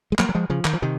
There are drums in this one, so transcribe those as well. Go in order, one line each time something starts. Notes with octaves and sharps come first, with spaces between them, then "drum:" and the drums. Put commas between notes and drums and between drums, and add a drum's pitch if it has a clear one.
G#3
F#3 A#3, drum: clap
F#3
F3 G#3
C#3 F3
D#3, drum: clap
F3
C3 D#3